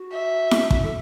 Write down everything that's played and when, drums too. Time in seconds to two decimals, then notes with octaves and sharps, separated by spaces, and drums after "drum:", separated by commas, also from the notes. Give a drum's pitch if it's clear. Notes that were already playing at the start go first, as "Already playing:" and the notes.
Already playing: F#4
0.13 E5
0.51 drum: snare E4
0.71 drum: kick
0.83 A4